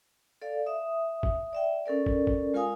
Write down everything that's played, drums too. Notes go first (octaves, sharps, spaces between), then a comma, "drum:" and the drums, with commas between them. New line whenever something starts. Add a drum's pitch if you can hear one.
A4 D5 F5
E5 D#6
drum: kick
D5 E5 G5
C#4 A4 A#4 D5
drum: kick
drum: kick
G#3 F4 A#4 F5 G#5 D#6